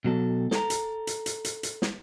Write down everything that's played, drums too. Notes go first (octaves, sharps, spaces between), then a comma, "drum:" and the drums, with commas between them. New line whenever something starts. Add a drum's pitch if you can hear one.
B2 F#3 A4
A4 A#5, drum: snare
drum: hi-hat
drum: hi-hat
drum: hi-hat
drum: hi-hat
drum: hi-hat
drum: snare